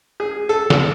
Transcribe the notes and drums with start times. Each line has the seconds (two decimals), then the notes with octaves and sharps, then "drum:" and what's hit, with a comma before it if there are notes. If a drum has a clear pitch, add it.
0.20 G#4
0.49 A4
0.70 drum: snare